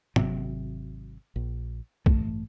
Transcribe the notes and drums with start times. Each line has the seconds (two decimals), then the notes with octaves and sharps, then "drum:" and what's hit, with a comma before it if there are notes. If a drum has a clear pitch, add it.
0.16 G#1 C3 F#3, drum: tom
1.36 A#1
2.06 A1 G2 A3, drum: kick